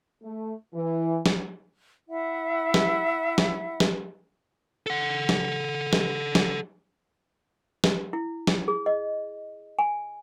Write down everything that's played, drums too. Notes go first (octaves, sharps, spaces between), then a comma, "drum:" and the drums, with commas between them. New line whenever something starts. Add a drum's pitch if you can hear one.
A3
E3
drum: snare
E4 E5 F#5
drum: snare
drum: snare
drum: snare
A4 F#5
drum: snare
drum: snare
drum: snare
drum: snare
E4
drum: snare
G#4
D#5
G#5